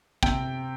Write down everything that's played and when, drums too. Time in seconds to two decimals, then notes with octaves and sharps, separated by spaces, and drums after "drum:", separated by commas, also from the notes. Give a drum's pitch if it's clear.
0.23 C3 G5, drum: kick